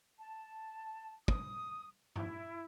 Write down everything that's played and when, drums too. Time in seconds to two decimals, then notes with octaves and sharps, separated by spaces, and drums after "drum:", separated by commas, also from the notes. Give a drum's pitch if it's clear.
0.18 A5
1.28 D#6, drum: kick
2.16 E4, drum: tom G2